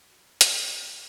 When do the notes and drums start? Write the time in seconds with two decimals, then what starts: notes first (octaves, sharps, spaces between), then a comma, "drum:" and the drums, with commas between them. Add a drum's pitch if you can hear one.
0.12 F#3
0.41 C4 A#4, drum: hi-hat
0.63 G4
0.90 D#4